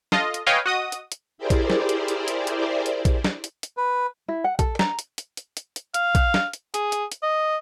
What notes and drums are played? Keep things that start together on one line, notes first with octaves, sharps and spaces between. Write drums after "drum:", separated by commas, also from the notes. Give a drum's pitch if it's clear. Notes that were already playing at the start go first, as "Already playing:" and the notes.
F4 A4 D#5, drum: snare
drum: hi-hat
B4 C#5 D#5 F5 G5 G#5
F#4 D#5 D#6
drum: hi-hat
drum: hi-hat
E4 G4 G#4 A#4 C5 D5
drum: kick A#1, hi-hat
drum: snare
drum: hi-hat
drum: hi-hat
drum: hi-hat
drum: hi-hat
drum: hi-hat
drum: kick A#1, hi-hat
drum: snare
drum: hi-hat
drum: hi-hat
B4
E4
F#5
A4, drum: kick A#1, hi-hat
A#5, drum: snare
drum: hi-hat
drum: hi-hat
drum: hi-hat
drum: hi-hat
drum: hi-hat
F5, drum: hi-hat
drum: kick A#1, hi-hat
drum: snare
drum: hi-hat
G#4, drum: hi-hat
drum: hi-hat
drum: hi-hat
D#5